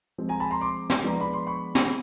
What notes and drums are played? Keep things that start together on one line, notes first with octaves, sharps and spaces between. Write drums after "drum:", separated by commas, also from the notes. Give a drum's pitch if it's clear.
F3 G#3 C4
G#5 A#5
A5 B5
A#5 C6
C6 D6
drum: snare
F3 G#3 B3 D4 A#5
B5
C6
B5 C#6
drum: snare